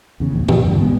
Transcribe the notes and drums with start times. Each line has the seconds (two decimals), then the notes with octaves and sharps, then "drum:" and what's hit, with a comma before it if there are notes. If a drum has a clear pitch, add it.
0.20 E2 C#3
0.33 E1 A#1 D#2
0.48 F#2 A#2 E3 F3, drum: tom
0.64 E2 G2 D3
0.80 A1 A2 G#3 B3